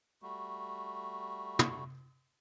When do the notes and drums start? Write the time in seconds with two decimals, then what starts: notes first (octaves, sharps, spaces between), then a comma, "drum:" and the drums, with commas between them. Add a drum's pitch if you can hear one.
0.22 G3 A3 F#4
1.59 drum: tom